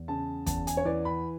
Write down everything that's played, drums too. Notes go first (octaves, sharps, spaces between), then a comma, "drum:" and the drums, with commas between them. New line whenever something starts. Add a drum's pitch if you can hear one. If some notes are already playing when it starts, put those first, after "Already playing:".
Already playing: E2
C#3 A5
E2 A5, drum: kick, hi-hat
G#5, drum: hi-hat
C#5
E3 D5
B5